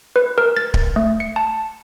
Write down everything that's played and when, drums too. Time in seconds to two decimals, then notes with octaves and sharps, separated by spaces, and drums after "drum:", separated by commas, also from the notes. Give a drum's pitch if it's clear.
0.16 B4
0.38 A#4
0.57 A6
0.74 drum: kick D1
0.96 A3
1.20 C#7
1.36 A5